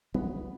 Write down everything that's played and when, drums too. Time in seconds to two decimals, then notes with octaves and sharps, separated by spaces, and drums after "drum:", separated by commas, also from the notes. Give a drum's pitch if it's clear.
0.14 G3 B3, drum: kick A#1